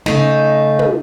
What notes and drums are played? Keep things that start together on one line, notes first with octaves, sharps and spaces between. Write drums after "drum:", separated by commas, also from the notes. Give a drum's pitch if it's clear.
C#3 A3 D#4, drum: snare
drum: tom